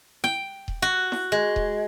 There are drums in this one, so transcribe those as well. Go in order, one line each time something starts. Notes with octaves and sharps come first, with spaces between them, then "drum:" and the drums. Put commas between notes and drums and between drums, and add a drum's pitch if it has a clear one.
G5, drum: snare E4
drum: kick D#1
F#4
drum: snare E4
G#3
drum: kick D#1